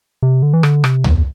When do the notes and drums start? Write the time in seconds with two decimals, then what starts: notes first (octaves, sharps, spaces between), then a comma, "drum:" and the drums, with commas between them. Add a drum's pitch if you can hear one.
0.22 C3
0.42 D3
0.53 E3
0.63 D3, drum: rim click
0.84 C3, drum: rim click
1.04 E2, drum: tom C#2